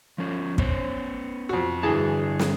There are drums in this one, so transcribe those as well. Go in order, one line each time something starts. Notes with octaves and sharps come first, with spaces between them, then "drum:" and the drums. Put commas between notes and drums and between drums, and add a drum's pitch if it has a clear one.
F3 C#4
B3 C#4 C5, drum: kick
F2 F#4
G2 D3 E3 G#4 A5
drum: snare